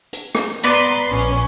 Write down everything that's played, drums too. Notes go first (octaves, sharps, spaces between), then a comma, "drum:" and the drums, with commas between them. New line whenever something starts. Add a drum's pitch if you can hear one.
drum: hi-hat
drum: rim click
B3 B4 D5 A#5 C6
A#1 C#4